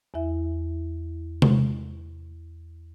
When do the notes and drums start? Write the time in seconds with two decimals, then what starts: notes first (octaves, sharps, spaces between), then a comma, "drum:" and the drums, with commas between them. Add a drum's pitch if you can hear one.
0.14 E2 E4 E5
1.42 drum: tom C3